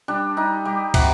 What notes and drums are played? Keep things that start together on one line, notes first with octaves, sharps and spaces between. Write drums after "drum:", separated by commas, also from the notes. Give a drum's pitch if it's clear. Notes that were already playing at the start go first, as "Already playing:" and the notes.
G3 D4
G3 D#4
G3 G4
C3 F#4, drum: kick, cymbal